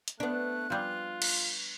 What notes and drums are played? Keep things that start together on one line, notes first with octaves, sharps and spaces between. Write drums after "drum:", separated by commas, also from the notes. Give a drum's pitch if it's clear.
drum: hi-hat
A3 B3 D4 F#6
F3 G3 F4 G#4
drum: cymbal